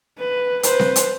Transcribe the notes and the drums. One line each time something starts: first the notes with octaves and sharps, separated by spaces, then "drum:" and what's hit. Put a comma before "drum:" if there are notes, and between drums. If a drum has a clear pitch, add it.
B4
B4 C5, drum: hi-hat
drum: snare C4
drum: hi-hat